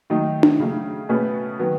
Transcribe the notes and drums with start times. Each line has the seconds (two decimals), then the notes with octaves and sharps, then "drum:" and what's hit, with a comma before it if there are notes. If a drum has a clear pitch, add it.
0.10 D#3 F#3 A3 D#4
0.43 drum: tom D4
0.60 C#3 F#3 A3
1.09 B2 A3 C#4 G#4 B4
1.59 D#3 F#3 B3